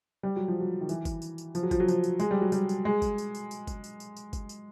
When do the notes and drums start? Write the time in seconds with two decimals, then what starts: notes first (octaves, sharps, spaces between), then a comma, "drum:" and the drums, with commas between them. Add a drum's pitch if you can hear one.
0.23 G3
0.36 F#3
0.48 F3
0.60 F#3
0.81 D#3
0.89 E3, drum: tambourine
1.05 drum: kick G1, tambourine
1.22 drum: tambourine
1.38 drum: tambourine
1.55 F3, drum: tambourine
1.63 F#3
1.71 F3, drum: kick G1, tambourine
1.80 F#3
1.88 F3, drum: tambourine
2.04 drum: tambourine
2.20 G#3, drum: tambourine
2.31 G3
2.41 F#3
2.52 G3, drum: tambourine
2.69 drum: tambourine
2.85 G#3
3.02 drum: kick G1, tambourine
3.18 drum: tambourine
3.35 drum: tambourine
3.51 drum: tambourine
3.67 drum: kick G1, tambourine
3.84 drum: tambourine
4.00 drum: tambourine
4.17 drum: tambourine
4.33 drum: kick G1, tambourine
4.49 drum: tambourine